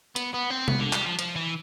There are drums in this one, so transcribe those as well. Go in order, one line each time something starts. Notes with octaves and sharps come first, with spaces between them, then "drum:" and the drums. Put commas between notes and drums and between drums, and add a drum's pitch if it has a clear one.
B3, drum: hi-hat
B3
C4
B3, drum: tom C3
D3
G3, drum: clap
F3
F3, drum: hi-hat
E3